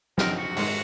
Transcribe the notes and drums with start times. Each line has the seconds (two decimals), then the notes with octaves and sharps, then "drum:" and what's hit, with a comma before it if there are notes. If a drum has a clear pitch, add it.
0.18 F#2 F3 C4 D#4 A#4, drum: snare
0.37 F#4
0.57 G#2 D#3 G#3, drum: open hi-hat